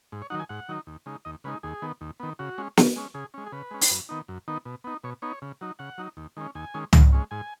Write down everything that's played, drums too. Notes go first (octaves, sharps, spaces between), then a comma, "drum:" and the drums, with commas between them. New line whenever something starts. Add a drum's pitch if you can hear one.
G#2
C#5
D#3 F#3 D#4 F#5
G#5
G#2 F#5
D#3 F#3 D#4
D#2
C#3 G#3 D#4
D#2 D#5
C#3 G#3 D#4 B4
D#2 G#4
D#3 B3
D#2
D#3 B3
C#3 F#4
G#3 C#4
C#3, drum: snare
G#3 C#4
C#3 G#4
G#3 C#4
G#4
C#3 B4
G#3 C#4
drum: open hi-hat
F#2
D#3 B3 D#4
F#2
D#3 B3 D#4
B2
B3 D#4
B2 C#5
B3 D#4 C#5
C#3
F#3 D#4
C#3 F#5
F#3 D#4
D#2
D#3 G#3 C#4
D#2 G#5
D#3 G#3 C#4
G#2, drum: tom
G#3 C#4
G#2 G#5